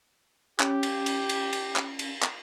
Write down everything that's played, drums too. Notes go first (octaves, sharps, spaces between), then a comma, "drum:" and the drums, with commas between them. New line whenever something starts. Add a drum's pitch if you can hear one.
C#4 G4, drum: clap
drum: cymbal
drum: cymbal
drum: cymbal
drum: cymbal
drum: clap
drum: cymbal
drum: clap